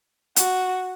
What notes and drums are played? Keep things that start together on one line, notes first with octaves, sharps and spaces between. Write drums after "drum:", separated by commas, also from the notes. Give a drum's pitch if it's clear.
F#4, drum: hi-hat